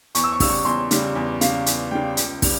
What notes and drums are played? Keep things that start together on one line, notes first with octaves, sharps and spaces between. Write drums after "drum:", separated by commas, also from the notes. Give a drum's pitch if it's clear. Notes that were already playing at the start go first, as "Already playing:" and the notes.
E2 C#6, drum: hi-hat
E6
C#6
C#3 G3 E6, drum: kick, open hi-hat
C#6
E2 C6
C#3 G3, drum: hi-hat
E2
C#3 G3 F5, drum: hi-hat
E2, drum: hi-hat
C#3 G3 G5
C#2, drum: hi-hat
C#3 G3, drum: kick, open hi-hat